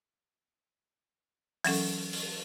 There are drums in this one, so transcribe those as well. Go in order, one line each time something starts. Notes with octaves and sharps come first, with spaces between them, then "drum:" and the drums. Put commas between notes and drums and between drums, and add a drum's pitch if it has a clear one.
E3 F#3 C#4 A4, drum: open hi-hat
drum: open hi-hat